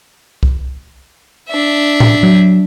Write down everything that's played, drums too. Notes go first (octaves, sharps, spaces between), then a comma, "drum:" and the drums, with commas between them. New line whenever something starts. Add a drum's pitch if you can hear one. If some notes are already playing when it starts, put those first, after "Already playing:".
drum: kick
D4 E5
drum: tom A2
F#3